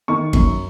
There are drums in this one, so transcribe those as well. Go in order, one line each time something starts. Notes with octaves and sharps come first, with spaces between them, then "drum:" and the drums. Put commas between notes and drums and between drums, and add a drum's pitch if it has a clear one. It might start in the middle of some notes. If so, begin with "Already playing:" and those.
D#3 C#6
F#2, drum: kick G1